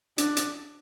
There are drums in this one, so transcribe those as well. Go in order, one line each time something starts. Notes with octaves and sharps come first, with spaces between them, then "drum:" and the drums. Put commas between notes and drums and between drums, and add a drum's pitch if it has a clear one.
D4, drum: hi-hat
drum: hi-hat